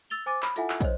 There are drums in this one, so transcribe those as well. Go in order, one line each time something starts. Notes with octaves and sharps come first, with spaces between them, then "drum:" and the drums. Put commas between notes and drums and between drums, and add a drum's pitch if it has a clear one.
E6 A6 F7 G7
C5 G#5 D6 A6 D#7
B5, drum: clap
E4 F4 A4 E5 F#5 G#5, drum: hi-hat
drum: clap
C5 C#5 D#5, drum: kick, hi-hat